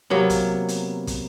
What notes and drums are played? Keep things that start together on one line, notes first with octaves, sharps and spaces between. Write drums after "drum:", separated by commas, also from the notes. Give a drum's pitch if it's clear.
C3 F#3 A#3 B3
drum: kick, hi-hat
drum: hi-hat
drum: kick, hi-hat